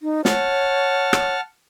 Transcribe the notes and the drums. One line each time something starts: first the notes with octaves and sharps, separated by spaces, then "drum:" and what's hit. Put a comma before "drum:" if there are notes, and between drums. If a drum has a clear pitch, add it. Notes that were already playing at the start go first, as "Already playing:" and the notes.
D#4
C#5 F#5 A5 F6, drum: snare
drum: rim click